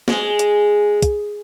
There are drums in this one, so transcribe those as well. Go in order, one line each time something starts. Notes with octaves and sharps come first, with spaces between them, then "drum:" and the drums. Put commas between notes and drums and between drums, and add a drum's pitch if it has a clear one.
G#3, drum: snare
drum: hi-hat
drum: kick, hi-hat